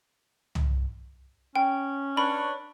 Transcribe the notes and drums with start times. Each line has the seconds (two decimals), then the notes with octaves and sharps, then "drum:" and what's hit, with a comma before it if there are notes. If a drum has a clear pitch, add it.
0.55 drum: tom
1.56 C#4 G5
2.17 D4 B4 C#5 B5